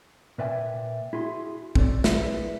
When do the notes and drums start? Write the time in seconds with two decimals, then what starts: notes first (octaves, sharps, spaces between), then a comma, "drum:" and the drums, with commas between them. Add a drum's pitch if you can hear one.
0.38 A#2 B4 D5 E5 G5 G#5
1.13 E4 F#4 G#4 G#5 C6
1.75 C4 A4 C#5 D5, drum: kick
2.04 E4 G#4 B4 D5, drum: snare